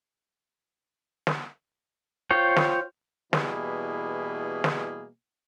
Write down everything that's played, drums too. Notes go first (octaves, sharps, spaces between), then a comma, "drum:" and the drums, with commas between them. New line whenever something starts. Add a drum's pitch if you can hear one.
drum: snare
F4 C5 C#5 G5
drum: snare
B2 E3 G3 A#3 E4 G#4, drum: snare
drum: snare